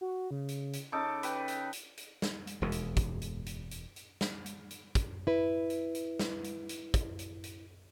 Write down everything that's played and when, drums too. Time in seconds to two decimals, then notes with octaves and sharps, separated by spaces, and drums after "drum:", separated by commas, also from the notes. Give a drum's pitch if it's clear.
0.01 F#4
0.31 C#3
0.49 drum: hi-hat
0.73 drum: hi-hat
0.92 C#3 D#4 A4 D6
1.23 B4 G5, drum: hi-hat
1.48 drum: hi-hat
1.73 drum: hi-hat
1.97 drum: hi-hat
2.22 drum: snare
2.47 drum: hi-hat
2.62 E1 D#2 B2 G#3
2.72 drum: hi-hat
2.97 drum: kick, hi-hat
3.22 drum: hi-hat
3.46 drum: hi-hat
3.71 drum: hi-hat
3.96 drum: hi-hat
4.21 drum: snare
4.46 drum: hi-hat
4.71 drum: hi-hat
4.95 drum: kick, hi-hat
5.27 E4 B4
5.70 drum: hi-hat
5.95 drum: hi-hat
6.19 drum: snare
6.44 drum: hi-hat
6.69 drum: hi-hat
6.94 drum: kick, hi-hat
7.19 drum: hi-hat
7.44 drum: hi-hat